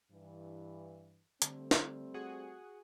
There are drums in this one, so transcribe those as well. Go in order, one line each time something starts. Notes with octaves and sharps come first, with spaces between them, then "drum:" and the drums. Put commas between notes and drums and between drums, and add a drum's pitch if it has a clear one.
G2 E3
D3 G3 A3 C4, drum: hi-hat
drum: snare
F#4 G#4 F#5